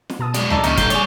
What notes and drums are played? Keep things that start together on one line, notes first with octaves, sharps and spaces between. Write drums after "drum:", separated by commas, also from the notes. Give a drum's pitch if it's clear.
drum: snare
B2 A5 D#6
F#3 G#3 D4 F#4, drum: hi-hat
D#4 A4 D5 F5, drum: tom C#2
D#2 C#3 D#4 D#5 C#6, drum: hi-hat
A#2 D3 G3 A4 G6 C7 G7, drum: kick, hi-hat
G3 G#4 C#5 D5, drum: hi-hat